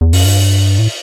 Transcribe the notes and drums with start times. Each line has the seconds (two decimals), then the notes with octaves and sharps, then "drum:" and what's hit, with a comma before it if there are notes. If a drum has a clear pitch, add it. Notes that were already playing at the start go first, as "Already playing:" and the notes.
0.01 E2
0.13 F#2, drum: open hi-hat
0.25 G2
0.79 A2